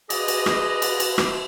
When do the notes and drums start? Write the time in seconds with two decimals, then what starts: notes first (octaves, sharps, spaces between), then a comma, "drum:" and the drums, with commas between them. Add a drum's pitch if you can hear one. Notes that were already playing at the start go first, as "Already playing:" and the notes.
0.10 G#4 B4 D5 D#5, drum: cymbal
0.28 drum: cymbal
0.46 drum: rim click
0.82 drum: cymbal
1.00 drum: cymbal
1.18 drum: rim click